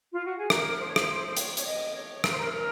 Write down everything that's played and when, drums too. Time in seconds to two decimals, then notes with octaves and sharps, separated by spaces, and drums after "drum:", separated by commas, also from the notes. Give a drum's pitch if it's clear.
0.12 F4
0.25 F#4
0.38 G#4
0.50 A#4, drum: rim click
0.79 C5
0.87 C#5
0.96 C5, drum: rim click
1.08 C5
1.26 C5
1.37 C#5, drum: hi-hat
1.57 C#5, drum: hi-hat
1.66 D#5
1.95 C#5
2.24 A#4, drum: rim click
2.31 C5
2.38 A#4
2.53 A#4